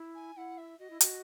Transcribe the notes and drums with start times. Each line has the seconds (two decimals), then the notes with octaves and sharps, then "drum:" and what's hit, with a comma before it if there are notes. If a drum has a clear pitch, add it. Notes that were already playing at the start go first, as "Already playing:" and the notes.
Already playing: E4
0.14 G#5
0.36 E4 F#5
0.57 E5
0.79 F#4 D#5
0.90 E4
1.01 F#4, drum: hi-hat